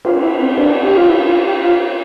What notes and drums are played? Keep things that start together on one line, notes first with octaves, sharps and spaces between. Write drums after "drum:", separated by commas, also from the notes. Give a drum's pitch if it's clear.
F4, drum: cymbal
E4
C4
D4, drum: cymbal
G4
F4
E4
F4
G4
F4